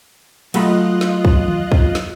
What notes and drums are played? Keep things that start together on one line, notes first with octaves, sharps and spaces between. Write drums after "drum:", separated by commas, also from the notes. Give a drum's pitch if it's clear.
F#3 A3 F4 D#5 B5 F#6, drum: cymbal
drum: snare
drum: kick
drum: tom D#3
drum: kick
drum: snare